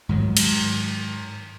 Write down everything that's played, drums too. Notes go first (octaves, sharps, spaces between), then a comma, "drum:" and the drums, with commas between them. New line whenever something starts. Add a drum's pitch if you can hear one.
G#2 D#3 F#3
drum: cymbal